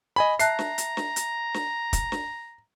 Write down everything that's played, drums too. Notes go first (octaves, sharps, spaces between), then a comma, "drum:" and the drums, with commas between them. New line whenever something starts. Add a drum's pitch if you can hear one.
D#5 G#5 B5
E5 A5 A#5 F#6 C7, drum: hi-hat
drum: snare
drum: hi-hat
drum: snare
drum: hi-hat
drum: snare
drum: kick, hi-hat
drum: snare